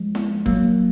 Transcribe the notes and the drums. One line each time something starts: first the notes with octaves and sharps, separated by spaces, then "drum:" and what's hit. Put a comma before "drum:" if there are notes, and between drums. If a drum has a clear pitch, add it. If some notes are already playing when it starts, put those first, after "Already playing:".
Already playing: F3 G#3
drum: snare E4
F#3 A#3, drum: kick F#1